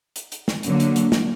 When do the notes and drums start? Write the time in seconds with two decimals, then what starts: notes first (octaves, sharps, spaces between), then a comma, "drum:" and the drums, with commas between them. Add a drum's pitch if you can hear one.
0.16 drum: hi-hat
0.32 drum: hi-hat
0.48 drum: snare
0.63 D3 F#3 A#3, drum: hi-hat
0.80 drum: hi-hat
0.96 drum: hi-hat
1.12 drum: snare